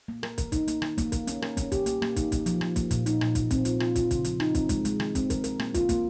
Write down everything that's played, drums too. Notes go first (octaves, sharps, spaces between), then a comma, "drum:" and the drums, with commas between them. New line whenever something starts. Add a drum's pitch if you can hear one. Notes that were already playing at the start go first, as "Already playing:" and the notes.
A#3
A#4, drum: rim click
A#4, drum: kick, hi-hat
D#4, drum: kick, hi-hat
A#3, drum: hi-hat
D#3, drum: rim click
A#3, drum: kick, hi-hat
A#4, drum: kick, hi-hat
C#4, drum: hi-hat
A#4, drum: rim click
C#4, drum: kick, hi-hat
G4, drum: kick, hi-hat
A#3, drum: hi-hat
A#3, drum: rim click
D#4, drum: kick, hi-hat
A#3, drum: kick, hi-hat
F3, drum: hi-hat
F3, drum: rim click
A#3, drum: kick, hi-hat
A#2, drum: kick, hi-hat
D#4, drum: hi-hat
A#2, drum: rim click
D#4, drum: kick, hi-hat
C4, drum: kick, hi-hat
F4, drum: hi-hat
F4, drum: rim click
F4, drum: kick, hi-hat
C#3, drum: kick, hi-hat
F3, drum: hi-hat
D#4, drum: rim click
C4, drum: kick, hi-hat
G#3, drum: kick, hi-hat
G#3, drum: hi-hat
D#3, drum: rim click
C4, drum: kick, hi-hat
A#4, drum: kick, hi-hat
A#4, drum: hi-hat
A#3, drum: rim click
F4, drum: kick, hi-hat
A#3, drum: kick, hi-hat